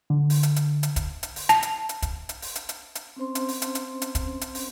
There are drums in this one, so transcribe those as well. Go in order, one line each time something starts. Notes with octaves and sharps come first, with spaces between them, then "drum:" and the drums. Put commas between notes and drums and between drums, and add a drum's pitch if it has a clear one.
D3
drum: open hi-hat
drum: hi-hat
drum: hi-hat
drum: hi-hat
drum: kick, hi-hat
drum: hi-hat
drum: open hi-hat
A5, drum: hi-hat
drum: hi-hat
drum: hi-hat
drum: kick, hi-hat
drum: hi-hat
drum: open hi-hat
drum: hi-hat
drum: hi-hat
drum: hi-hat
C4 C#4 C5 C6
drum: hi-hat
drum: open hi-hat
drum: hi-hat
drum: hi-hat
drum: hi-hat
drum: kick, hi-hat
drum: hi-hat
drum: open hi-hat